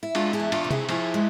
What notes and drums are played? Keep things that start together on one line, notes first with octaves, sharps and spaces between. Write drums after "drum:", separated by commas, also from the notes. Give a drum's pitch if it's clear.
E4
G#3 D4 F4, drum: cymbal
E4 G#4
E2
D4 F4, drum: cymbal
C3
E4 G#4, drum: tom C3
F3 E4 G#4, drum: cymbal
G#3